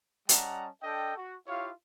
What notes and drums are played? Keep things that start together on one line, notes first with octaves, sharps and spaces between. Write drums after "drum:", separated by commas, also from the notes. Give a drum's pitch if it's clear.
G3 C#4 D#5 F#5 A5 A#5, drum: hi-hat
D4 A4 D#5 G5
F#4
E4 F4 G4 C#5 F5